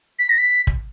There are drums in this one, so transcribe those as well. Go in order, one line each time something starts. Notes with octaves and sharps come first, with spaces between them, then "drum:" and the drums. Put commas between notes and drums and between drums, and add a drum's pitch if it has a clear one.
B6
A#6
B6
drum: kick